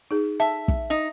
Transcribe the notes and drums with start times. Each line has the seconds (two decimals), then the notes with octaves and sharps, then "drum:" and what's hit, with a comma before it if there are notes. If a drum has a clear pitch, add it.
0.11 D#4 G#4
0.40 E5 A5
0.68 drum: kick
0.90 D#4